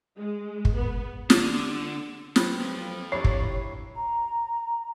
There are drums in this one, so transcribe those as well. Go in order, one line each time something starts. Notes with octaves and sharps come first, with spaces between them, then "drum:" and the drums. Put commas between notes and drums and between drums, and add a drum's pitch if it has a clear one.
G#3
drum: kick
B3
D3, drum: snare
F#3 B3 C4, drum: snare
F2 F3
A#3 D4 E4 G4 C#5 C7
drum: kick
A#5